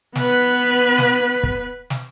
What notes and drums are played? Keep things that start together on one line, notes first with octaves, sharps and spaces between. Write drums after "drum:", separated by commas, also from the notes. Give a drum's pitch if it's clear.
B3 B4, drum: snare
drum: snare
drum: kick
drum: snare